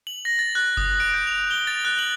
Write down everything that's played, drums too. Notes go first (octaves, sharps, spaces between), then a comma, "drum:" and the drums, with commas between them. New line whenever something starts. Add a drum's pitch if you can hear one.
F#7
A#6
A6
F#6
D#6, drum: kick F#1
D7
G6
F7
G7
A6
F#6
F#7